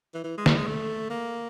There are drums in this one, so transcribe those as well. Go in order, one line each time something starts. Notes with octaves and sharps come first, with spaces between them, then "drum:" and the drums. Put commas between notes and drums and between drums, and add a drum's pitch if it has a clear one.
E3
E3
G#3
G3, drum: snare
G#3
A3
A#3